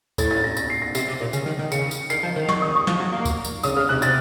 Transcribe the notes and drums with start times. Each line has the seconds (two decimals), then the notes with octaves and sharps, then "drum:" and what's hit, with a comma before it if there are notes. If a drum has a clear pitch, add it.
0.18 A2 A6, drum: kick, tambourine
0.31 A6
0.44 A#6
0.57 A#6, drum: tambourine
0.70 C7
0.82 A#6
0.95 C3 C7, drum: tambourine
1.08 C3
1.20 A#2
1.33 C#3, drum: tambourine
1.46 D#3
1.59 D#3
1.72 C#3 C#7, drum: tambourine
1.91 drum: tambourine
2.10 D#3 C7, drum: tambourine
2.23 F3
2.36 D#3
2.49 C#6, drum: snare
2.62 D#6
2.75 C#6
2.87 F3, drum: snare
3.00 F#3
3.12 A#3
3.25 drum: kick, tambourine
3.45 drum: tambourine
3.63 C#3 D#6, drum: tambourine
3.76 C#3 F6
3.89 C3 F#6
4.02 C3 A6, drum: tambourine